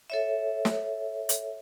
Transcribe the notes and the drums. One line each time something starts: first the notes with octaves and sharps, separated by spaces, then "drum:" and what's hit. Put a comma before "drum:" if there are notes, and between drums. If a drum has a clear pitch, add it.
A4 C#5 E5
drum: snare
drum: hi-hat